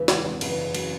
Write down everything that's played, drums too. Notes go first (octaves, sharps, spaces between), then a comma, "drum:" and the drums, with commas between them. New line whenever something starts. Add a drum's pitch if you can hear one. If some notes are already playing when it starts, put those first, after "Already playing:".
Already playing: E1 C#3 E3
G#1, drum: snare
G#1
F#1 C#3 E3, drum: cymbal
F#1
F#3, drum: cymbal